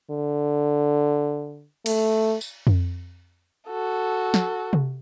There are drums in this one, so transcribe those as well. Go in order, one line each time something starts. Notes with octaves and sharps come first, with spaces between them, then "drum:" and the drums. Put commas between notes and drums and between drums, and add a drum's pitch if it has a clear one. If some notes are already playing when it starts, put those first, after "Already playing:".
D3
A3, drum: cymbal
drum: tambourine
drum: tom F2
F#4 A4
drum: snare
drum: tom C3